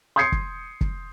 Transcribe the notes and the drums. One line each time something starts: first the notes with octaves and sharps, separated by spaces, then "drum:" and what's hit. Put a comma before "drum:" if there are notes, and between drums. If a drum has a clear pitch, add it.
C6 D#6 G6 G#6 C7 C#7
drum: kick
drum: kick